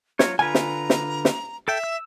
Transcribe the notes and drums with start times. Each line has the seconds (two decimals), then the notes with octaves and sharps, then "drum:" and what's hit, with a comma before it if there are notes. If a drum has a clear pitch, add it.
0.19 F#3 F4 C#5 A#5, drum: snare
0.39 D3 F4 B4 G#5 A#5
0.54 drum: snare
0.90 drum: snare
1.25 drum: snare
1.68 A4 E5 G5
1.84 E6